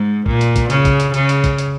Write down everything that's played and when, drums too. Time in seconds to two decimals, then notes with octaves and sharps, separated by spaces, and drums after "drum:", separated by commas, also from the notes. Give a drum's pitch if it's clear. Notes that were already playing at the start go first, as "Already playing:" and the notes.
Already playing: G#2
0.26 A#2, drum: kick
0.41 drum: hi-hat
0.56 drum: kick, hi-hat
0.70 C#3, drum: hi-hat
0.85 drum: kick, hi-hat
1.00 drum: hi-hat
1.14 C#3, drum: hi-hat
1.29 drum: hi-hat
1.44 drum: kick, hi-hat
1.58 drum: hi-hat